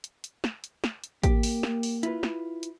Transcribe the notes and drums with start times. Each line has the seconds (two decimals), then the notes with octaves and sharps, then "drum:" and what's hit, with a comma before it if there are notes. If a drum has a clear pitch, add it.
0.04 drum: hi-hat
0.24 drum: hi-hat
0.44 drum: snare
0.64 drum: hi-hat
0.84 drum: snare
1.04 drum: hi-hat
1.23 A#3 G4, drum: kick A1, hi-hat
1.43 drum: open hi-hat
1.63 drum: snare
1.83 drum: open hi-hat
2.03 E4 F4 B4, drum: hi-hat
2.23 drum: snare
2.63 drum: hi-hat